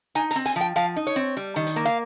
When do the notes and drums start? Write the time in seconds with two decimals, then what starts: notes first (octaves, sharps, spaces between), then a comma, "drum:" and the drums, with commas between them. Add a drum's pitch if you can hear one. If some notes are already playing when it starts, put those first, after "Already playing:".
0.15 D#4 G#5
0.31 A#5, drum: hi-hat
0.36 C4
0.46 G#5, drum: hi-hat
0.56 F3 G5
0.76 F3 F5
0.96 D#4
1.07 C#5
1.16 C4
1.37 G3
1.56 D#3
1.67 drum: hi-hat
1.76 A#3
1.85 F5